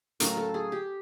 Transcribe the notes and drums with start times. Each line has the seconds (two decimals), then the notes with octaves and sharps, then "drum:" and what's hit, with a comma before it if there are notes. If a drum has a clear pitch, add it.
0.20 A2 F#3 A3 C#4 F4 A#4, drum: hi-hat
0.37 A4
0.54 G#4
0.72 G4